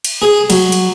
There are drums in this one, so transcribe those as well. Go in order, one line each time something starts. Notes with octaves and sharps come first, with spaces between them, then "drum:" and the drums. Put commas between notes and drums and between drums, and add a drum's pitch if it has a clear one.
drum: cymbal
G#4
F#3, drum: cymbal
drum: cymbal